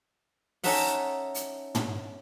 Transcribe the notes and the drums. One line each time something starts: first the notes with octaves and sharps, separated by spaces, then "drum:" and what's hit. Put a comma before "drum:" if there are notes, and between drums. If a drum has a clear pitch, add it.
C#4 D#4 A4 E5 F#5, drum: open hi-hat
drum: hi-hat
drum: tom